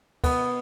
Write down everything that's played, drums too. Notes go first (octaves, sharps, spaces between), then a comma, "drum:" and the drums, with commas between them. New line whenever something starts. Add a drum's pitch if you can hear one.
B3, drum: kick, cymbal